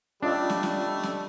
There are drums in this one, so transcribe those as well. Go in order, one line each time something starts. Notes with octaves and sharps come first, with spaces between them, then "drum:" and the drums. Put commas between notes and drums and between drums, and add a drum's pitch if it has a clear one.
G3 A3 C#4 D4 F4 D#5
drum: snare
drum: snare
drum: snare